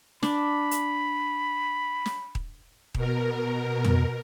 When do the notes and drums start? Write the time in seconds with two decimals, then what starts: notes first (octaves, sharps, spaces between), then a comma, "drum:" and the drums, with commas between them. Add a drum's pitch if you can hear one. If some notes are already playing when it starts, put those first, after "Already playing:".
0.23 D4 B5, drum: snare
0.71 drum: hi-hat
2.06 drum: snare
2.35 drum: kick D#1
2.95 B2 A#4, drum: kick D#1
3.85 drum: tom